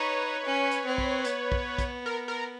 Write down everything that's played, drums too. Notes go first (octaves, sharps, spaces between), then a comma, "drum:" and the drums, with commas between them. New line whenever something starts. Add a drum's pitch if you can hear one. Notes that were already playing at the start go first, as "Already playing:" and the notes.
Already playing: D#4 B4 C#5
C#4
drum: hi-hat
C4
drum: kick
B3, drum: hi-hat
drum: kick
drum: kick, hi-hat
A#4
A#4